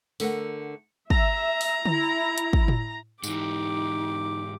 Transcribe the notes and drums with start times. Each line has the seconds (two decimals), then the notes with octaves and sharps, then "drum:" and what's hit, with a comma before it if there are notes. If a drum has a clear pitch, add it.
0.20 D3 A3 A#4 F#5, drum: open hi-hat
1.10 E5 A#5, drum: kick
1.61 drum: open hi-hat
1.86 E4, drum: tom D3
2.38 drum: hi-hat
2.53 drum: kick
2.68 drum: tom A2
3.23 G#2 E3 D#4 G4 D6, drum: tambourine